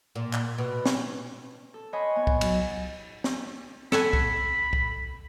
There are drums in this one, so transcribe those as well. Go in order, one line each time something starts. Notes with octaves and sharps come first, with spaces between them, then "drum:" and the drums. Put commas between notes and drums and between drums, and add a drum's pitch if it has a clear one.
A#2
drum: clap
B2
drum: snare
A4
C5 C#5 D#5 F#5 G#5 B5
B3 G#5
drum: kick C2
F#3, drum: cymbal
drum: snare
A4 F#5 G#5 B5, drum: snare
drum: kick C2
drum: kick C2